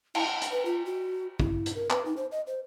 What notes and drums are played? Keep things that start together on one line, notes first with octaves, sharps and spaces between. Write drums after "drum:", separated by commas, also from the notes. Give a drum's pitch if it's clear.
E4, drum: cymbal
F#5
drum: hi-hat
B4
F4
F#4
E4, drum: kick
drum: hi-hat
A#4
B4, drum: clap
D#4
C5
D#5
C5